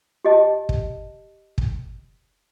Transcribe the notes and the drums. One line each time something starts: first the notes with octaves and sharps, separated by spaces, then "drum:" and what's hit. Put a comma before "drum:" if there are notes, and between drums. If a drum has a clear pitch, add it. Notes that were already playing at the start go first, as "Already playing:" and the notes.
G4 D#5 A5
drum: kick
drum: kick